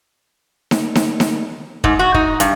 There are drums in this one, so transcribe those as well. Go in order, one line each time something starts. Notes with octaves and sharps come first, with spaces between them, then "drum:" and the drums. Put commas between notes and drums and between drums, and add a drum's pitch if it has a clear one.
drum: snare D#4
drum: snare D#4
drum: snare D#4
G#2, drum: kick
F#4
D#4, drum: kick
G2, drum: hi-hat